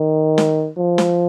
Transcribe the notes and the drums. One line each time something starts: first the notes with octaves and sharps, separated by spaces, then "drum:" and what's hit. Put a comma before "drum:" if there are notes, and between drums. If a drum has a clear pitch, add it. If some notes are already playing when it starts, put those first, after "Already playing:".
Already playing: D#3
drum: snare
F3
drum: snare